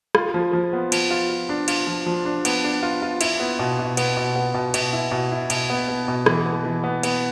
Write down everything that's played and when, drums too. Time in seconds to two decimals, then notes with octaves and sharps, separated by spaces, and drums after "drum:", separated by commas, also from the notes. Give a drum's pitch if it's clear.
0.15 F4, drum: rim click
0.34 F3
0.53 F3
0.73 B3
0.92 F3, drum: cymbal
1.10 F4
1.29 F4
1.49 D4
1.68 F4, drum: cymbal
1.87 F3
2.06 F3
2.25 D4
2.45 B3, drum: cymbal
2.64 D4
2.83 F4
3.02 F4
3.21 E4, drum: cymbal
3.40 B3
3.59 B2
3.79 B2
3.97 B3, drum: cymbal
4.17 B2
4.36 B3
4.54 B2
4.74 B2, drum: cymbal
4.93 E4
5.12 B2
5.31 E4
5.50 B2, drum: cymbal
5.70 B3
5.88 B3
6.08 B2
6.26 E3, drum: rim click
6.46 B3
6.65 E3
6.84 B3
7.03 B3, drum: cymbal